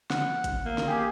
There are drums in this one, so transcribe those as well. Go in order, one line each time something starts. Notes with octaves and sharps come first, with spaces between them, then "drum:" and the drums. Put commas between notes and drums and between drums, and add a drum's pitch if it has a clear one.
F#5, drum: snare
drum: kick, hi-hat
A#3
drum: snare
G4 G#4